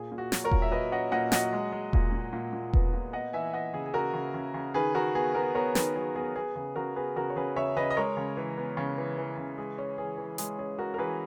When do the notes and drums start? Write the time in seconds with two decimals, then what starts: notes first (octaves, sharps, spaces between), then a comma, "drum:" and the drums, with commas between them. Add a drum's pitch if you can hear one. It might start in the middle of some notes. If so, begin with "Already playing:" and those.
Already playing: A#2 G#4
0.12 A#2
0.18 F#4
0.32 F#3, drum: snare
0.44 A#4 C#5
0.51 A#2, drum: kick E1
0.62 E5
0.71 F#3 B4 D#5
0.92 C#4 D#5 F#5
1.12 A#2 D#5 F#5
1.32 F#3 D#5 F#5, drum: snare
1.53 G#3
1.72 G#3
1.93 A#2, drum: kick E1
2.12 A#2
2.33 A#2
2.53 A#2
2.73 B3, drum: kick E1
2.93 A#2
3.13 B3 D#5 F#5
3.33 E3 E5 G#5
3.53 E3 D#5 F#5
3.73 C#3 G#4
3.86 G#4
3.94 C#3 F#4 A#4
4.14 C#3
4.34 C#3
4.54 C#3
4.74 D#3 G#4 B4
4.94 D#3 F#4 A#4
5.15 B3 G#4
5.34 B3 F#4 A#4
5.55 B3 A#4 C#5
5.75 D#3 G#4 B4, drum: snare
5.96 F#3 G#4
6.16 B3 G#4
6.36 B3 G#4
6.55 C#3 G#4
6.76 C#3 F#4 A#4
6.96 B3 G#4 B4
7.16 C#3 F#4 A#4
7.30 C#5
7.36 C#3 G#4 B4
7.56 C#3 C#5 E5
7.76 C#3 B4 D#5
7.90 D#5
7.97 G#3 A#4 C#5
8.17 C#3
8.37 E3
8.58 B3
8.77 C#3
8.98 E3
9.18 E3
9.38 C#3
9.58 G#3 G#4
9.78 C#4
9.98 E3 G#4
10.18 E3
10.38 G#3 G#4, drum: hi-hat
10.58 C#4 G#4
10.79 C#4 F#4 A#4
10.94 A#4
10.98 E3 G#4 B4